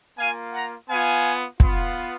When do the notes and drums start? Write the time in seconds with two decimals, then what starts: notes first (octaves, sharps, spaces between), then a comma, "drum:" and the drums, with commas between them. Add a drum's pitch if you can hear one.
0.18 A#3 F4 F5 G#5
0.53 F#5 A#5
0.89 B3 F4 F5 G#5
1.60 B3 F4, drum: kick